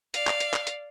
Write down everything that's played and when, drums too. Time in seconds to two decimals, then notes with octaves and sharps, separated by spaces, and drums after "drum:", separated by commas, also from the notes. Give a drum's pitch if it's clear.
0.14 D5 F5, drum: hi-hat
0.27 drum: clap
0.40 drum: hi-hat
0.54 drum: clap
0.67 drum: hi-hat